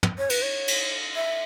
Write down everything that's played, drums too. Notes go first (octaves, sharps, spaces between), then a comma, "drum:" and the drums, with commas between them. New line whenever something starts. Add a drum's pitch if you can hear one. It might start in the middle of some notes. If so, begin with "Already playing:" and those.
drum: tom
C#5
B4, drum: cymbal
C#5
drum: cymbal
E5